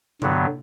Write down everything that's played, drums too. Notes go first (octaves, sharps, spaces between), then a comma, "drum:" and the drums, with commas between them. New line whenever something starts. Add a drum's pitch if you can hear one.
G2 D3 F#3 B3, drum: tom C3